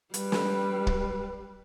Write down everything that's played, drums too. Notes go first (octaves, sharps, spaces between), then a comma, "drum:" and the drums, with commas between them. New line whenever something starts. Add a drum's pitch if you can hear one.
G3 B4, drum: hi-hat
drum: snare
drum: kick